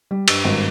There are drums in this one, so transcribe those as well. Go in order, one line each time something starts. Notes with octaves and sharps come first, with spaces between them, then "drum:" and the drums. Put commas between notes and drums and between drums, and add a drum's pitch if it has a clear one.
G3
G2, drum: cymbal
G#1